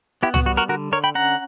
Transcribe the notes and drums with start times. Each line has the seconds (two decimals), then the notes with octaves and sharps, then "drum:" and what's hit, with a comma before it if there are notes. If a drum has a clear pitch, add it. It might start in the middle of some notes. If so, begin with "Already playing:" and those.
0.23 B3 E4 G4
0.34 F#4, drum: tom C2
0.46 G3 F#4
0.57 F#4 A#4
0.69 D3 F#4 A#4
0.92 D3 A#4 C#5
1.04 G5 B5
1.15 C#4 F#5 A#5